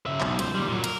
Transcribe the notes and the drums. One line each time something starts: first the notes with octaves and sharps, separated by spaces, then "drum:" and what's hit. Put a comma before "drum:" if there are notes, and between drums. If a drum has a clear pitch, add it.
C#3 E5
B1, drum: clap
C#2 C5, drum: hi-hat
D#2 G3
A#2 F#3
A#4, drum: hi-hat